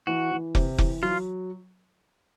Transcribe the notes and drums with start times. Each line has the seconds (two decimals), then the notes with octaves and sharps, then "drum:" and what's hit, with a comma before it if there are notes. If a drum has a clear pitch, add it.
0.07 E3 F#4
0.32 E3
0.55 C3, drum: kick F1
0.78 E3, drum: kick F1
1.02 F#3 F4